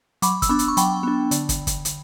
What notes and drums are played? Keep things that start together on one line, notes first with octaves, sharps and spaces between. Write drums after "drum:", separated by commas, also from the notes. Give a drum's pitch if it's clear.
F#3 B5 D6, drum: hi-hat
E6, drum: kick, hi-hat
B3 D4 B5 D6
drum: hi-hat
C#6
F#3 G5 B5, drum: hi-hat
B3 D4
D3, drum: hi-hat
drum: kick, hi-hat
drum: kick, hi-hat
drum: hi-hat